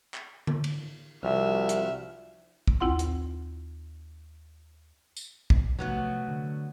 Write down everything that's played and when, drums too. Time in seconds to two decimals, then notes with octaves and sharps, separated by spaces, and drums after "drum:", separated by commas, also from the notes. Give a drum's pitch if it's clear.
0.14 drum: clap
0.47 drum: tom D3
0.64 drum: cymbal
1.23 C2 F3 F#4 E5 F6
1.69 drum: hi-hat
2.67 drum: kick
2.80 D#2 C4 E4 F4 F#5 C6
2.99 drum: hi-hat
5.17 drum: tambourine
5.50 drum: kick
5.79 C3 F3 F#3 A3 B3 F#4
6.28 D3